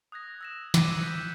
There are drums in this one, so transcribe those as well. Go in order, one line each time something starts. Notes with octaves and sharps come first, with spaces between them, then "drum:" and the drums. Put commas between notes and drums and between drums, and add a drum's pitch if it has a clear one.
D#6 F#6 G#6 A#6
E6 A#6 E7
D6 E6 F#6 C#7 D#7 E7, drum: snare
F#6 G6 B6